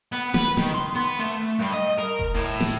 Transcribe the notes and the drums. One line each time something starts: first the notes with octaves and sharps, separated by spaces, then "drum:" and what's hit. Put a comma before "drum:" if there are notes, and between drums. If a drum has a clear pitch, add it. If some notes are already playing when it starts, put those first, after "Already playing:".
B3
B4, drum: snare
D#3, drum: snare
C6
B3
A3
G2
D#5
A#4
drum: kick E1
A2
drum: snare